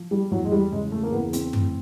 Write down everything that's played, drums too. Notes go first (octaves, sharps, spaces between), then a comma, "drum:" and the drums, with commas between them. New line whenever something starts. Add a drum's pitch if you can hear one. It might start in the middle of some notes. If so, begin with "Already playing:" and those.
Already playing: F3
G3
E2 F#3
G#3
G3
C#3 G#3
A3
A#3
E2 B3
C4, drum: hi-hat
A2, drum: tom F#2